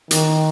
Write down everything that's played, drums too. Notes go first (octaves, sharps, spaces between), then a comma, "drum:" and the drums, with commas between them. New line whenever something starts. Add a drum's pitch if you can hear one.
D#3, drum: hi-hat